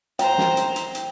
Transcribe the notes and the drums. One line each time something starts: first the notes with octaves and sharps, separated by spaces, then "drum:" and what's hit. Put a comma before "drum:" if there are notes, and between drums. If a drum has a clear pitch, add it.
C5 G5 A#5, drum: hi-hat
drum: snare
drum: hi-hat
drum: hi-hat
drum: hi-hat